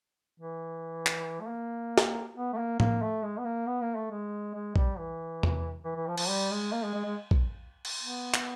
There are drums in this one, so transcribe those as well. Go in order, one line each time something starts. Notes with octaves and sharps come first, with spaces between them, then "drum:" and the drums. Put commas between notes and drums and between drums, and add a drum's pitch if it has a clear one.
E3
drum: clap
A3
A#3
drum: snare
B3
A3
A#3
A#3, drum: tom A2
A3
G#3
B3
A#3
B3
A#3
A3
G#3
G#3
G3, drum: kick A#1
E3
drum: tom E2
E3
E3
F3
F3, drum: cymbal
G3
G#3
A#3
G#3
G#3
G#3
drum: kick A#1
drum: cymbal
B3
drum: clap